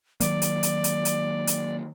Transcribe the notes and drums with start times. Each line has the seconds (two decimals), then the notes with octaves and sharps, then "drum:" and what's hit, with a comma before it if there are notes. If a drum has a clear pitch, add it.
0.20 D#3 F#3 A#3 D5, drum: hi-hat
0.42 drum: hi-hat
0.63 drum: hi-hat
0.84 drum: hi-hat
1.05 drum: hi-hat
1.47 drum: hi-hat